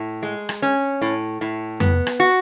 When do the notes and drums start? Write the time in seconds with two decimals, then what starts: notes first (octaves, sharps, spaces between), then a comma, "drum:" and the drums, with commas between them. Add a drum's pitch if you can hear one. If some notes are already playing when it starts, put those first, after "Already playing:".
Already playing: A2
0.23 G#3
0.49 drum: rim click
0.62 C#4
1.01 A2
1.41 A2
1.80 B3, drum: tom F2
2.07 drum: rim click
2.20 F#4